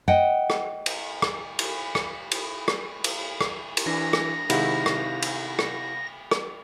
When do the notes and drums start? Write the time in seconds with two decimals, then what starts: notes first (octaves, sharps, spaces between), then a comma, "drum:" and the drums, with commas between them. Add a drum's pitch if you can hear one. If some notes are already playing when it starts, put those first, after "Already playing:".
0.08 D#5 F#5 G5
0.50 drum: rim click
0.86 drum: cymbal
1.22 drum: rim click
1.59 drum: cymbal
1.95 drum: rim click
2.31 drum: cymbal
2.68 drum: rim click
3.04 drum: cymbal
3.41 drum: rim click
3.77 drum: cymbal
3.86 E3 D4 A#6
4.13 drum: rim click
4.50 C3 D#3 G#3 E4 F5 F#5 B5, drum: cymbal
4.86 drum: rim click
5.22 drum: cymbal
5.59 drum: rim click
6.31 drum: rim click